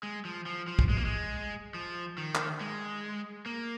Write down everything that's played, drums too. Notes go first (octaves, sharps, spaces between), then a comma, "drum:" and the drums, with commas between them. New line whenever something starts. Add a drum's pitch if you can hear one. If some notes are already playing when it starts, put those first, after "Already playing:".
G#3
F3
F3
F3
drum: kick
G#3
A#3
G#3
F3
D#3
drum: clap
G#3
A#3